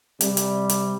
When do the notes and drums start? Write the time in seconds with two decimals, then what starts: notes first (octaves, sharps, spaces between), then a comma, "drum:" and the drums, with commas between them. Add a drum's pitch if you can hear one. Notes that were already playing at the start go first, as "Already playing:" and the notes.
0.21 C3 G3, drum: hi-hat
0.37 drum: hi-hat
0.70 drum: hi-hat